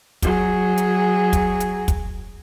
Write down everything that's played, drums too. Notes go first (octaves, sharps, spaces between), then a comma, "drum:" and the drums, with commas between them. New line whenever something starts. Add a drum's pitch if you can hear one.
F#3 G#4, drum: kick, hi-hat
drum: hi-hat
drum: kick, hi-hat
drum: hi-hat
drum: kick, hi-hat